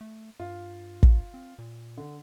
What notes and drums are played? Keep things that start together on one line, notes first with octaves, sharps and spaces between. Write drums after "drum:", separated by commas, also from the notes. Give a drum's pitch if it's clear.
A3
G2 F4
drum: kick
C4
A#2
D3